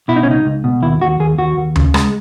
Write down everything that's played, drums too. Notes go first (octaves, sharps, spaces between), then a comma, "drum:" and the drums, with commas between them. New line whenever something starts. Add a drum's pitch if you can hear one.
B2 E4
D#4
C#4
C#2 D#4
C#2
B2
D#2 E4
D#2 F#4
D#2 G#4
D#2 F#4
D#2
C#3, drum: tom D2
G#3, drum: rim click